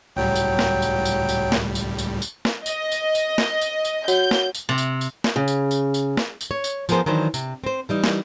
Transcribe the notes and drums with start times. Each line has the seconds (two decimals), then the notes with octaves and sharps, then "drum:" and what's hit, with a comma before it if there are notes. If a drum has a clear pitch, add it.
0.17 C#2 A2 F#3 G3 G5
0.36 drum: tambourine
0.59 drum: snare
0.82 drum: tambourine
1.05 drum: tambourine
1.29 drum: tambourine
1.52 drum: snare
1.75 drum: tambourine
1.98 drum: tambourine
2.22 drum: tambourine
2.45 drum: snare
2.66 D#5, drum: tambourine
2.92 drum: tambourine
3.15 drum: tambourine
3.38 drum: snare
3.61 drum: tambourine
3.85 drum: tambourine
4.08 F#4 C#5 F#5 G6, drum: tambourine
4.31 drum: snare
4.55 drum: tambourine
4.69 C3
4.78 drum: tambourine
5.01 drum: tambourine
5.24 drum: snare
5.36 C#3
5.48 drum: tambourine
5.71 drum: tambourine
5.94 drum: tambourine
6.17 drum: snare
6.41 drum: tambourine
6.51 C#5
6.64 drum: tambourine
6.89 F3 B3 G#4 A#4 C5, drum: tambourine
7.06 D#3 E3 F#3 D4 C5
7.34 C3, drum: tambourine
7.64 C4 C5
7.89 E3 G3 D#4
8.04 drum: snare